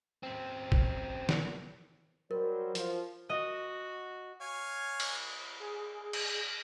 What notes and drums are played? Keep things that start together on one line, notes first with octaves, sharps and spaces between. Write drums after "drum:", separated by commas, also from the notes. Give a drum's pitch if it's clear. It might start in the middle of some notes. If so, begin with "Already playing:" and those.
F#2 C4
drum: kick
drum: snare
F#3 G3 A#4 C5
F3, drum: hi-hat
F#4 D#5
C#5 F5 G#5
drum: cymbal
G#4
drum: cymbal